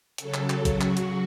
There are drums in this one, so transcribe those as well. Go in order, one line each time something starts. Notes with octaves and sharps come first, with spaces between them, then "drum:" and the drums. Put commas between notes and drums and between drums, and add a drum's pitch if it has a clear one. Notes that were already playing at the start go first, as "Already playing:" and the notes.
C#3 F#3 A4, drum: hi-hat
drum: clap
drum: clap
F#4, drum: kick, hi-hat
drum: clap
drum: hi-hat